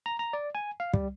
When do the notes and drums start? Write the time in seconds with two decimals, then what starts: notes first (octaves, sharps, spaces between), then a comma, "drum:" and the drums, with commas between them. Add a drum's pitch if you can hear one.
0.06 A#5
0.19 A#5
0.33 D5
0.55 G#5
0.80 F5
0.93 G3, drum: kick